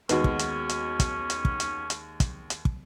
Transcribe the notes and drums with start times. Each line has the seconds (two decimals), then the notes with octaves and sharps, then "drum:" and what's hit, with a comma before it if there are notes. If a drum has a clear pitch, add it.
0.09 D#2 G#3 B3 C#4 D#4 F#4, drum: hi-hat
0.24 drum: kick
0.39 drum: hi-hat
0.69 drum: hi-hat
1.00 drum: kick, hi-hat
1.30 drum: hi-hat
1.45 drum: kick
1.60 drum: hi-hat
1.90 drum: hi-hat
2.20 drum: kick, hi-hat
2.50 drum: hi-hat
2.65 drum: kick